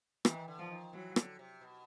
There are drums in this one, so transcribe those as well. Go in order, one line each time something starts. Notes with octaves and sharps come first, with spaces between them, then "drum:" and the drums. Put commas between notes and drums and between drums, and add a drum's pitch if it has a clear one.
D#3 E3, drum: rim click
D3
F3
D#3
E3 F#3
D3, drum: rim click
C3
B2